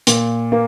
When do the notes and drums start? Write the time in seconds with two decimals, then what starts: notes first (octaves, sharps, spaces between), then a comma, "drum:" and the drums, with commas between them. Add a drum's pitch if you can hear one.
0.07 A#2, drum: hi-hat
0.52 A#3